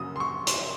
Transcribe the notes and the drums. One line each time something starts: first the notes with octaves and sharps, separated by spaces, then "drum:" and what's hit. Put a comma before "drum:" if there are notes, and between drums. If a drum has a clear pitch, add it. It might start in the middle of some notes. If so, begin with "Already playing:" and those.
Already playing: F#2 C#3 F#3 D#6
C6
C#6
C6, drum: hi-hat